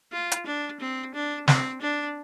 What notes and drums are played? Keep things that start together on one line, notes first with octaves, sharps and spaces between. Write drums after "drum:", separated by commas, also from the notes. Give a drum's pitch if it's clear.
F4
drum: hi-hat
D4
C4
D4
C4, drum: snare
D4